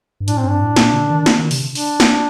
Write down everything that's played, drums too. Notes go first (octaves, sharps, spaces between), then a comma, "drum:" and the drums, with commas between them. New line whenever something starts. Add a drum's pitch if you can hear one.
G2
A2 D4, drum: hi-hat
C4
G2 D4
A2
A#2, drum: snare
D3
D#3
drum: snare
D#3
C3, drum: open hi-hat
D4, drum: open hi-hat
drum: snare